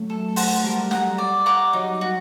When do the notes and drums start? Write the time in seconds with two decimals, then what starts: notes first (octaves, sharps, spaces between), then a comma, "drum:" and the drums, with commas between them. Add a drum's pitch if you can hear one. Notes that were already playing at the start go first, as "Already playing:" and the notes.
Already playing: F#3 A3
0.10 A4
0.36 C5 F#5 A5, drum: open hi-hat
0.64 G3 A#4
0.91 F#5 A#5, drum: snare
1.18 D5
1.46 F#5 A#5 D6
1.73 F#3 D#4
2.01 F#4